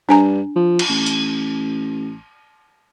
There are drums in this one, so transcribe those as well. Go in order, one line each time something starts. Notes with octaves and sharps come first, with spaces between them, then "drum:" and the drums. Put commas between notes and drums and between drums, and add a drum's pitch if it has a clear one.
G2 D4 G#5 A#5
F3
drum: cymbal
A1
drum: hi-hat